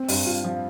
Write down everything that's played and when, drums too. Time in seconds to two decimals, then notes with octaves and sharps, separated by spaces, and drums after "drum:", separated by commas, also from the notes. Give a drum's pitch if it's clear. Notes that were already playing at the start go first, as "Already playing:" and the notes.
Already playing: C4
0.08 G2, drum: open hi-hat
0.26 F4
0.44 F3